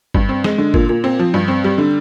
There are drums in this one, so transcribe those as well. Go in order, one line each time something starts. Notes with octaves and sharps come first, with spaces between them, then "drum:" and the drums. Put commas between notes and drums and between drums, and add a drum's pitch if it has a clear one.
G2, drum: kick G1
C4
G#3, drum: snare
D3
A#2, drum: kick G1
A#2
C4
F3
G2
C4
G3
D3